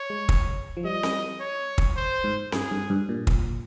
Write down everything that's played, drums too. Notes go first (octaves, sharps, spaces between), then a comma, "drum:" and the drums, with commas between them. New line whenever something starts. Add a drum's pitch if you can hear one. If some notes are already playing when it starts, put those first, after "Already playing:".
Already playing: C#5
G#3
drum: kick
F3
G3 D#5
drum: snare C4
C#5
drum: kick
C5
G#2
G2 G#4, drum: snare C4
G2
G2
A#2
drum: kick